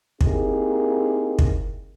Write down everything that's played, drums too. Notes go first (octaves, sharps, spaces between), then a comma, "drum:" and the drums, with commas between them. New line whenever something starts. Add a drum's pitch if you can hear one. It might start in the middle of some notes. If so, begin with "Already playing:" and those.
A#3 C4 D#4 E4 G4 G#4, drum: kick
drum: kick